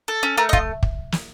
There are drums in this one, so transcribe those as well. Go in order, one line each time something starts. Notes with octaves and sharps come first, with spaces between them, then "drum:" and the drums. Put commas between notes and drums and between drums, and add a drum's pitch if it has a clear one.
A4
C#4
A3 A#4
D#5
F4, drum: kick
drum: kick
drum: snare